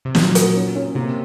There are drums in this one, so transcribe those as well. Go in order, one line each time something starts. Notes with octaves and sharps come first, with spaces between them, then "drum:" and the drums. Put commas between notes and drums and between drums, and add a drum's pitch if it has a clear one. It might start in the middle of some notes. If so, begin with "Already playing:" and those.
C3
A#2 F#3, drum: snare
F#4, drum: hi-hat
C#4
C#4
C3 A#3